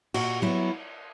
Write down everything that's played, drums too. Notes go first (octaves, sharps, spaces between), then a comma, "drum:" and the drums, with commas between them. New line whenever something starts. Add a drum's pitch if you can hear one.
A#2 F#4, drum: cymbal
F#3 B3 E4